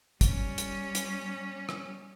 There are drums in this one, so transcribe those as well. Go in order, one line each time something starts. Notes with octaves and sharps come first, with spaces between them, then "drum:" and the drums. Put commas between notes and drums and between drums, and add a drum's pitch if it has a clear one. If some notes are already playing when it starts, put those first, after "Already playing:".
G3 C#4, drum: kick, hi-hat
drum: hi-hat
drum: hi-hat
drum: rim click